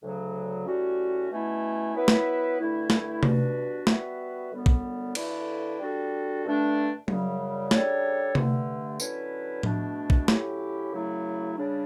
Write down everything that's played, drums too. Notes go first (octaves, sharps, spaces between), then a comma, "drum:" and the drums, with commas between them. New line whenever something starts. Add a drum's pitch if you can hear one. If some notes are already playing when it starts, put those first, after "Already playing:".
D2 C#3 F#3
A2 G3 C#4 F#4
B2 A3 C#4 E4
F#3 B3 E4 B4 E5
drum: snare
G2 D3 A3 E4
drum: snare
B2 G3 D4 F#4 B4, drum: tom C3
G3 B3 F#4 B4 E5, drum: snare
F#2 D3 G3 B3
drum: kick A#1
D3 A3 E4 B4 D5, drum: cymbal
G3 D4 F#4 A4
G2 D3 A3 D4
F#2 C#3 G3, drum: tom F#3
C#3 G3 D4 A4 C#5, drum: snare
G2 D3 A3, drum: tom C3
D3 F#3 C#4 E4 B4, drum: tambourine
E2 B2 A3 D4, drum: tom A2
drum: kick A#1
A2 F#3 C#4 E4 G4, drum: snare
F#2 C#3 F#3 A3 E4
C#3 G3 D4